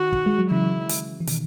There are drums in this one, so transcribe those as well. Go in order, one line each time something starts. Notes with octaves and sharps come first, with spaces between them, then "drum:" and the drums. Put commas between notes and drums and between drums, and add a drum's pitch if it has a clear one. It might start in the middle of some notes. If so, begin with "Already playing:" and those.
Already playing: D#3 F#4
drum: kick
G#3
F#3
C#3 E3 E4
drum: hi-hat
E3
B2 D#3, drum: hi-hat